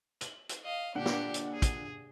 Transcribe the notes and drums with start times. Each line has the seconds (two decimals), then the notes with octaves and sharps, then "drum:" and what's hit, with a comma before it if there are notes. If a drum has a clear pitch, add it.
0.21 F#7, drum: hi-hat
0.49 drum: hi-hat
0.64 D#5 F5
0.95 A#2 D3 D4 G4 F#5
1.06 drum: snare
1.34 drum: hi-hat
1.53 G#4
1.62 drum: kick, hi-hat